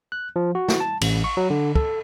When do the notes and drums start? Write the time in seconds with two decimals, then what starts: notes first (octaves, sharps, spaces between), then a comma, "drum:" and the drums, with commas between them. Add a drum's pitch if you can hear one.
0.12 F#6
0.36 F3
0.55 F#4
0.68 drum: snare
0.80 A5
1.01 A1, drum: cymbal
1.24 C#6
1.37 F#3
1.50 D3
1.75 A4, drum: kick